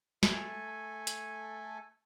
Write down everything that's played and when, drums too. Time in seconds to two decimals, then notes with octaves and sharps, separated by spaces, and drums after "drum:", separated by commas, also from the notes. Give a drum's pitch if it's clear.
0.23 A3 A4 G#5, drum: snare
1.07 drum: hi-hat